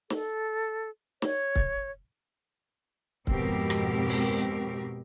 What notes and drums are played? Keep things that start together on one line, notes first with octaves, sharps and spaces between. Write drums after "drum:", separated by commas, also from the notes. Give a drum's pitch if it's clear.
A4, drum: snare
C#5, drum: snare
drum: kick C#1
F2 G#2 B2 C4 G4 A#4, drum: kick C#1
drum: rim click
drum: open hi-hat